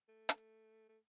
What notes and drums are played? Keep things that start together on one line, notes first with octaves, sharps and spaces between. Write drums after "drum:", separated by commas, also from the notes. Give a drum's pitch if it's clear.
A3
drum: hi-hat
A3